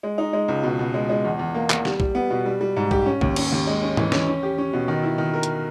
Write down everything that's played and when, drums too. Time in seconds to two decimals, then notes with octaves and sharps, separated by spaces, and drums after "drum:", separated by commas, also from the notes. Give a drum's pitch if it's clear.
0.03 G#3
0.18 D#4
0.33 G#3
0.48 C#2
0.64 B2
0.79 B2
0.94 G#3
1.09 G#3
1.25 E2
1.39 E2
1.55 A#3
1.70 E2, drum: clap
1.85 G3, drum: snare
2.00 G3, drum: kick B1
2.15 B3
2.30 B2
2.46 G3
2.61 G3
2.76 G#2
2.91 G4, drum: kick B1
3.06 C#4
3.21 D#2, drum: kick B1
3.36 C#4, drum: cymbal
3.52 D#2
3.67 G#3
3.82 C#4
3.97 E3, drum: tom G#2
4.12 C#4, drum: snare
4.27 C#4
4.43 G4
4.58 C#4
4.73 B2
4.88 D#3
5.03 E4
5.18 D#3
5.33 A#4
5.43 drum: hi-hat